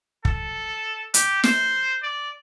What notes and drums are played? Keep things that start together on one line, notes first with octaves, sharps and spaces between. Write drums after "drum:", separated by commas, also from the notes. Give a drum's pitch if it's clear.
A4, drum: kick
G4, drum: hi-hat
C5, drum: snare
D5